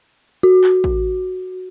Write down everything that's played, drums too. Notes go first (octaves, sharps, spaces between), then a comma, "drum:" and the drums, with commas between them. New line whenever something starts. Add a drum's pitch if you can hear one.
F#4
drum: clap
drum: kick A1